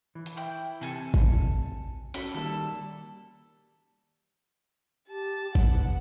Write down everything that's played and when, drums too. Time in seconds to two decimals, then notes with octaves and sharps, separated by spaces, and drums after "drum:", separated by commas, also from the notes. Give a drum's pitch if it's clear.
0.15 E3
0.26 drum: hi-hat
0.37 E4 G5
0.81 C3 A4 G#5 A5
1.14 drum: kick
2.14 C#4 F#4 A4 C#5 B5, drum: hi-hat
2.35 D#3 G3 A#3 A4 E5
5.08 G4 A5
5.55 B3 F#5, drum: kick